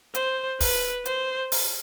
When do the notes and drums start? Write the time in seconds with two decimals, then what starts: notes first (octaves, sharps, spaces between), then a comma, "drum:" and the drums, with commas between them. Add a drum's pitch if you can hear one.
0.15 C5, drum: hi-hat
0.60 B4, drum: kick, open hi-hat
1.05 C5, drum: hi-hat
1.52 drum: open hi-hat